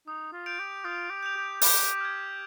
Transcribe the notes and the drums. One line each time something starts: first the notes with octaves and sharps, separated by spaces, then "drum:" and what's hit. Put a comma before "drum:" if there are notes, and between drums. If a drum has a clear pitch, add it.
D#4 D#6
F4
G6 D7 F7
G4
F4 D#6
G4
G6 D7 F7
G4
G4 D6, drum: open hi-hat
F6 G#6